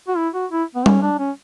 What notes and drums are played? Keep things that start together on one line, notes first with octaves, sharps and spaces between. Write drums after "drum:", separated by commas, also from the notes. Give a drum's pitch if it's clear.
F#4
E4
F#4
E4
B3
C#4, drum: tom G3
D4
C#4